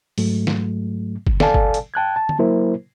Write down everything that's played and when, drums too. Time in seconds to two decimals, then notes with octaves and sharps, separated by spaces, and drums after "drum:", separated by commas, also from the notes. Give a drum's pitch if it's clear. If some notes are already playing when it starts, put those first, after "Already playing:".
0.18 G#2 F#3 A3, drum: open hi-hat
0.47 drum: snare
1.27 drum: kick G1
1.40 A4 D5 F5 G#5 A5, drum: snare
1.54 drum: kick G1
1.74 drum: hi-hat
1.94 G5 A5 F#6 G#6
2.16 A5
2.29 drum: tom D3
2.39 F#3 A#3 E4 A#4 C5